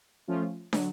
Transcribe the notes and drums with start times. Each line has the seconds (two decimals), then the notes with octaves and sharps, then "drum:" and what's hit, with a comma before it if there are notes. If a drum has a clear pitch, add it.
0.28 F3 A3 C#4 F4
0.73 D3 F#3, drum: snare